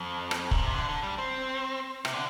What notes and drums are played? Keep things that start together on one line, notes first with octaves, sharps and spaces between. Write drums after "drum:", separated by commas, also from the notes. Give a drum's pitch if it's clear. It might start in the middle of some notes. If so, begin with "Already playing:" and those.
Already playing: F2
drum: rim click
A#2, drum: kick
C3
D3
D3
G3
C4
C3, drum: rim click
D3